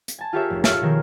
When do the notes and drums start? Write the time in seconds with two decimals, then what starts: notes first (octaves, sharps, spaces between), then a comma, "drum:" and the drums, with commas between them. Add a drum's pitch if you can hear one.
0.08 drum: hi-hat
0.19 G#5 A5
0.33 F4 G4 G#4 A#4 C#5 E5
0.50 F1
0.64 F4 A4 C#5 E5 F5, drum: snare
0.81 B2 D#3 F3 D#4 G#4 A#4